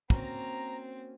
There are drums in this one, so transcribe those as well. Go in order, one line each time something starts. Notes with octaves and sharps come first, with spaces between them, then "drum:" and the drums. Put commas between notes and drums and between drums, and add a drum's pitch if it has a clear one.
A#3 C4 C#4 F#4 A#5, drum: kick